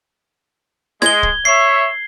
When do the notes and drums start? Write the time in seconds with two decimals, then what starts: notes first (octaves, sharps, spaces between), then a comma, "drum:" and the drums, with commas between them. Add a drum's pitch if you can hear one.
1.02 G#3 G#6 G7, drum: snare
1.23 drum: kick C#1
1.45 C#5 E5 C7